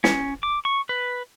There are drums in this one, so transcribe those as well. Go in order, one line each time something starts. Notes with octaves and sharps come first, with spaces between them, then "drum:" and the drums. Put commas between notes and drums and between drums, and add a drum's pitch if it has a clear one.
C#4, drum: snare
D6
C#6
B4